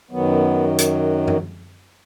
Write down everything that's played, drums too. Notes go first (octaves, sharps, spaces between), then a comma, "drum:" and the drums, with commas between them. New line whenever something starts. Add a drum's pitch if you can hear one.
F#2 D#3 F#3 B3
drum: hi-hat
drum: tom F#2